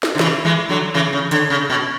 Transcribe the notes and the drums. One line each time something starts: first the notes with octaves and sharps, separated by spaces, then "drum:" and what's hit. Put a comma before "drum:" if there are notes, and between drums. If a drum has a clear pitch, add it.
drum: snare
D3
C#3 E3, drum: snare
E3 G#3
D3 F#3
C#3 E3
C#3
D3, drum: hi-hat
C#3
B2